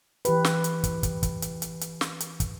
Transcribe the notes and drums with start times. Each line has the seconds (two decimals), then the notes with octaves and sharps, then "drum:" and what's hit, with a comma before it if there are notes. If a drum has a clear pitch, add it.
0.25 E3 G4 B4, drum: hi-hat
0.45 drum: snare
0.64 drum: hi-hat
0.84 drum: kick, hi-hat
1.03 drum: kick, hi-hat
1.23 drum: kick, hi-hat
1.42 drum: hi-hat
1.62 drum: hi-hat
1.81 drum: hi-hat
2.01 drum: snare
2.20 drum: hi-hat
2.40 drum: kick, hi-hat